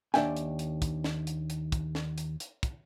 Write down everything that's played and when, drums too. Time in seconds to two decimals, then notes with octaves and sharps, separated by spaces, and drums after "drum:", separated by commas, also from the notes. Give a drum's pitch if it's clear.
0.14 D#2 D4 E5 G5 G#5, drum: snare
0.36 drum: hi-hat
0.59 drum: hi-hat
0.82 drum: kick, hi-hat
1.04 drum: snare
1.27 drum: hi-hat
1.50 drum: hi-hat
1.72 drum: kick, hi-hat
1.95 drum: snare
2.18 drum: hi-hat
2.40 drum: hi-hat
2.63 drum: kick, hi-hat